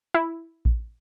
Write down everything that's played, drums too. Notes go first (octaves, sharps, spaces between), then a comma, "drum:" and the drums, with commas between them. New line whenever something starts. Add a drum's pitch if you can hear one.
E4
drum: kick A1